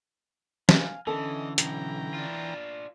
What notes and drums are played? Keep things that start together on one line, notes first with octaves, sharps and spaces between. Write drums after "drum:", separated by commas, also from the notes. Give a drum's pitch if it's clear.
F5 G#5 F6, drum: snare
D3 E3 C#4 A4 D#5
B1 E3 G5 A#5, drum: hi-hat
D4 F4